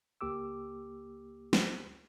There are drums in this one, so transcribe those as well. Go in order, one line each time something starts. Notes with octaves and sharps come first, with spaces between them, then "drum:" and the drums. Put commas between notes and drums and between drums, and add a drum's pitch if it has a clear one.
C#2 A#3 G4 D6 E6
drum: snare